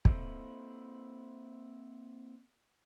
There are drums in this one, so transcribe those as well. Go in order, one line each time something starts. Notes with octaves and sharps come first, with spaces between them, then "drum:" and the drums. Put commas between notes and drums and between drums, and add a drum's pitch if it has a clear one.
A#3 C4 E4 A4 C5 D#5, drum: kick